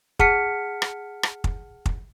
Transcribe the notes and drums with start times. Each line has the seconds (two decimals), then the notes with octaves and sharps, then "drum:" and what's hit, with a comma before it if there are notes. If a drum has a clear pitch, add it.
0.19 G#4 F#5 A5 F6 B6 C#7, drum: kick
0.82 drum: rim click
1.23 drum: rim click
1.44 drum: kick
1.86 drum: kick